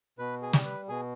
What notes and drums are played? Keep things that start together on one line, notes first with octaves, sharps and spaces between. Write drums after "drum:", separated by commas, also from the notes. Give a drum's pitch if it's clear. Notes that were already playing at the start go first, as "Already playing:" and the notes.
B2 B4
G#4
G3, drum: snare
B4
B2 G#4